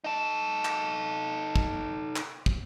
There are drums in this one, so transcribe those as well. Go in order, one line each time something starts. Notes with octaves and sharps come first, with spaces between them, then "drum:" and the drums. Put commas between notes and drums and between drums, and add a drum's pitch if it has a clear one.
D#4 A4
drum: clap
drum: kick
drum: clap
drum: kick